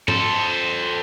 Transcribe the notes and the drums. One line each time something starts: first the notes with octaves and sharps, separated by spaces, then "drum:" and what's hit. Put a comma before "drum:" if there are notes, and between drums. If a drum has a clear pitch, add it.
A4 C5, drum: tom G#2